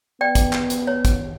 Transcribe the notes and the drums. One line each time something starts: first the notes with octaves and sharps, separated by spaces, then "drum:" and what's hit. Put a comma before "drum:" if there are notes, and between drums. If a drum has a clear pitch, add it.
B3 D5 G5
drum: kick, hi-hat
drum: clap
drum: hi-hat
C#5
drum: kick, hi-hat